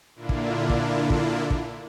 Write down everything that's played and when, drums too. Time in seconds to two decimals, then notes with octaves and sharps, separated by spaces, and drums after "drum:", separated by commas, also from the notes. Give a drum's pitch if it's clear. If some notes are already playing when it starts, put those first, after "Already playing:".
0.16 A#2 D3 A#3 D4 E4 F4
0.29 drum: kick
0.70 drum: kick
1.10 drum: kick
1.50 drum: kick